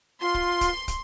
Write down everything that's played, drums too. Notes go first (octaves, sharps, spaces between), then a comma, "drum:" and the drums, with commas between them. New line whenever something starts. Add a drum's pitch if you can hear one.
F4 C6
drum: kick
drum: kick, hi-hat
drum: kick, hi-hat